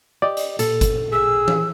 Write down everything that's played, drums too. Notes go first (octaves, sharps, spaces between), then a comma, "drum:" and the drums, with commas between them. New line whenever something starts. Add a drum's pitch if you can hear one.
G4 D5 D#5
drum: hi-hat
A#2 A4, drum: hi-hat
drum: kick, hi-hat
G#4 E6
drum: tom E3